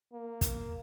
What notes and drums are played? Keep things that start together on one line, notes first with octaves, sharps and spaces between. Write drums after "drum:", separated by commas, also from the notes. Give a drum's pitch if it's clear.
A#3
drum: kick, hi-hat